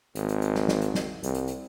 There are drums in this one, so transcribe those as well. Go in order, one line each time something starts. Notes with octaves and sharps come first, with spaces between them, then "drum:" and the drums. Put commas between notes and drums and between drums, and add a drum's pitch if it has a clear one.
G#1, drum: hi-hat
drum: hi-hat
drum: hi-hat
drum: snare
drum: snare
drum: hi-hat
drum: snare
C2, drum: hi-hat
drum: hi-hat
drum: hi-hat